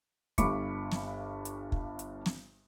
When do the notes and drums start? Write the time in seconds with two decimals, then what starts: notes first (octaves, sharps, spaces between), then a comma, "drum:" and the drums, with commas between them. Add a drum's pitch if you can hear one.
0.38 G1 G2 B5 C#6 D6 C#7, drum: kick, hi-hat
0.92 drum: snare
1.45 drum: hi-hat
1.72 drum: kick
1.99 drum: hi-hat
2.26 drum: snare